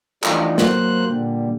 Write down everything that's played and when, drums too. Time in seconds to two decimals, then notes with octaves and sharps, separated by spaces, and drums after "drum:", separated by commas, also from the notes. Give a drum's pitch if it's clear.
0.24 E3 F3 G3 A3 D4 D#4, drum: clap
0.58 F#3 A#3 C5 F#6, drum: snare
1.06 A#2 D3 G3